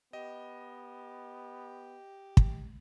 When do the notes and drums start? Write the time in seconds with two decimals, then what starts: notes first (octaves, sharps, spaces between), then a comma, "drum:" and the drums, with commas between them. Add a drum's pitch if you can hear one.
0.13 B3 G4 D#5
2.37 drum: kick